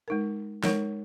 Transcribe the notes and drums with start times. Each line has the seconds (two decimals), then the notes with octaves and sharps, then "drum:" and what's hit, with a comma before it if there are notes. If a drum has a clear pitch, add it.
0.08 G#3 D#4 A#4
0.64 G#3 D#4 A#4 C#5, drum: snare